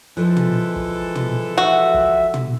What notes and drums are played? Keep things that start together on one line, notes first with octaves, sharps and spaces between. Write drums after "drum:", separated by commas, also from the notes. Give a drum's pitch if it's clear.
E3 F3 G#3 A4
drum: tom
drum: kick
drum: tom
F#4 E5
drum: kick
drum: tom